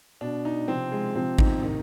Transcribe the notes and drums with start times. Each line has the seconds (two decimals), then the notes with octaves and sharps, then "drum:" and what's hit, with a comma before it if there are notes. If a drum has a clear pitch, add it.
0.21 B2 D4
0.45 D#4
0.68 C3 F3 C4
0.92 G#3
1.15 C3 F3 C4
1.39 D#4, drum: kick G#1
1.61 C3 D#3 D#4